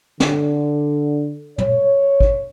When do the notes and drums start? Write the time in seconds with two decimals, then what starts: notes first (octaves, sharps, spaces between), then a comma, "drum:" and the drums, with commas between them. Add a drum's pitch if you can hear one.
0.20 D3, drum: snare
1.58 C#5, drum: tom
2.20 drum: kick